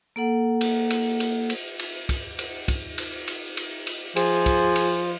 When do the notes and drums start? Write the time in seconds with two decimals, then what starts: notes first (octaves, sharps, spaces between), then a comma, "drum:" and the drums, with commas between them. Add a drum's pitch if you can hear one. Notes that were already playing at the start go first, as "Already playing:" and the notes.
0.16 A#3 A4 F#5
0.61 drum: cymbal
0.90 drum: cymbal
1.20 drum: cymbal
1.50 drum: cymbal
1.79 drum: cymbal
2.09 drum: kick, cymbal
2.39 drum: cymbal
2.68 drum: kick, cymbal
2.98 drum: cymbal
3.27 drum: cymbal
3.57 drum: cymbal
3.87 drum: cymbal
4.16 F3 G#4, drum: cymbal
4.46 drum: kick, cymbal
4.76 drum: cymbal